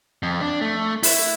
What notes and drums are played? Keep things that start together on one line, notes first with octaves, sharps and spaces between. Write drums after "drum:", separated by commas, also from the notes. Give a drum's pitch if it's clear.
F2
D4
A3
E4, drum: open hi-hat